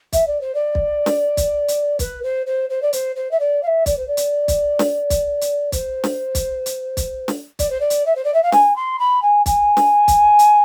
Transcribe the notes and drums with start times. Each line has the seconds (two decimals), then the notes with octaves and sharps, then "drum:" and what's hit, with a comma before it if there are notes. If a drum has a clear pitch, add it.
0.13 E5, drum: kick, hi-hat
0.27 D5
0.41 C5
0.54 D5
0.75 drum: kick
1.06 drum: snare
1.37 drum: kick, hi-hat
1.68 drum: hi-hat
1.99 B4, drum: kick, hi-hat
2.23 C5
2.46 C5
2.70 C5
2.82 D5
2.93 C5, drum: hi-hat
3.16 C5
3.31 E5
3.39 D5
3.62 F5
3.67 E5
3.86 D5, drum: kick, hi-hat
3.97 C5
4.07 D5
4.17 drum: hi-hat
4.48 drum: kick, hi-hat
4.79 drum: snare
5.10 drum: kick, hi-hat
5.41 drum: hi-hat
5.72 C5, drum: kick, hi-hat
6.04 drum: snare
6.35 drum: kick, hi-hat
6.66 drum: hi-hat
6.97 drum: kick, hi-hat
7.28 drum: snare
7.59 D5, drum: kick, hi-hat
7.70 C5
7.80 D5
7.90 drum: hi-hat
8.06 E5
8.15 C5
8.24 D5
8.34 E5
8.43 F5
8.52 G#5, drum: snare
8.76 C6
8.99 B5
9.22 G#5
9.46 G#5, drum: kick, hi-hat
9.77 drum: snare
10.08 drum: kick, hi-hat
10.39 drum: hi-hat